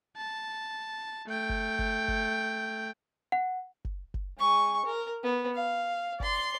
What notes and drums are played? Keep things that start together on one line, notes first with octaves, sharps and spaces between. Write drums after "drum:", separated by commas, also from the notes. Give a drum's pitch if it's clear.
A5
A3 G5
drum: kick F#1
drum: kick F#1
drum: kick F#1
F#5
drum: kick F#1
drum: kick F#1
G#3 C#6
A#4
B3
F5
D5 C6, drum: kick F#1